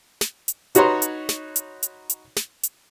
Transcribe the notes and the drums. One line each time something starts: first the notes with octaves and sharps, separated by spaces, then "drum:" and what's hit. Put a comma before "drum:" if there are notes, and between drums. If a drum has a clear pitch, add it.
drum: snare
drum: hi-hat
D#4 F#4 B4 C#5 A#5 C6, drum: hi-hat
drum: hi-hat
drum: snare
drum: hi-hat
drum: hi-hat
drum: hi-hat
drum: snare
drum: hi-hat